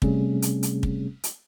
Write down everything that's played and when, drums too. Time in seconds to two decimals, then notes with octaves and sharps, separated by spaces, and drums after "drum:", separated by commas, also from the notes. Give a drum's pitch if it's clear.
0.02 C3 G3 A3 C4 C#4 G#4, drum: kick
0.42 drum: hi-hat
0.63 drum: hi-hat
0.83 drum: kick
1.24 drum: hi-hat